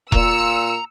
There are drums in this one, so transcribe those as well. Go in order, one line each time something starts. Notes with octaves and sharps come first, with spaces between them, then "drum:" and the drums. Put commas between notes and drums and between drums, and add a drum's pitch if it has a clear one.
A#2 A#5 E6 C#7, drum: kick E1